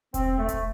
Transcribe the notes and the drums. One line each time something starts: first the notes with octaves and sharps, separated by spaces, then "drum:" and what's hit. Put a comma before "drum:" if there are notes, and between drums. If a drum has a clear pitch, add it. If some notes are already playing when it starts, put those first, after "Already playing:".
C4, drum: kick E1, hi-hat
A3
drum: kick E1, hi-hat